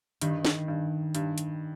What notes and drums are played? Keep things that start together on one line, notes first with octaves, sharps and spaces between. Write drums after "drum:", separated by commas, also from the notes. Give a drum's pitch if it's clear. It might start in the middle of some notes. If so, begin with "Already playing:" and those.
G2 D#3, drum: hi-hat
drum: snare
G2
G2, drum: hi-hat
drum: hi-hat